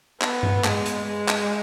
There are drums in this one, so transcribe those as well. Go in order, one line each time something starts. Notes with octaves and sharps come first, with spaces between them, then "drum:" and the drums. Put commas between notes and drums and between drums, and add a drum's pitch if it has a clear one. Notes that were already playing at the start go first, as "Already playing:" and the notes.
B3, drum: clap
drum: tom G2
G#3, drum: clap
drum: hi-hat
G#3
drum: clap